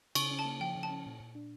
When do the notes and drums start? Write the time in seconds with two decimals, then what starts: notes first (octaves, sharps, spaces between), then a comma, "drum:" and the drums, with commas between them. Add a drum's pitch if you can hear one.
0.15 C#3 C#6, drum: cymbal
0.31 C#4
0.39 A5
0.45 A#3
0.60 F3 G5
0.76 C#3
0.83 A5
0.91 C#4
1.06 A#2
1.20 A#2
1.35 D4